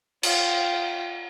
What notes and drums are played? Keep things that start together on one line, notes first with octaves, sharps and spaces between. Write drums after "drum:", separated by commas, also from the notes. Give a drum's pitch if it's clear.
F4 G5, drum: cymbal